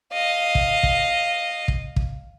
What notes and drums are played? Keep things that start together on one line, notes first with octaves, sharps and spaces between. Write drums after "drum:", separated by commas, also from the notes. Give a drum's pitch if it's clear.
D#5 F5
drum: kick
drum: kick
drum: kick
drum: kick